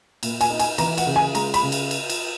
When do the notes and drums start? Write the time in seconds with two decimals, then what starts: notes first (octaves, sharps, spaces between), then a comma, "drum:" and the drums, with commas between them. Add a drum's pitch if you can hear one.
0.23 A#2, drum: cymbal
0.41 G#5, drum: cymbal
0.50 D#4
0.59 G#5, drum: cymbal
0.78 E3 A#5, drum: cymbal
0.98 F#5, drum: cymbal
1.07 C#3
1.16 G#5
1.35 G#3 A#5, drum: cymbal
1.54 B5, drum: cymbal
1.63 C#3
1.72 drum: cymbal
1.91 drum: cymbal
2.10 drum: cymbal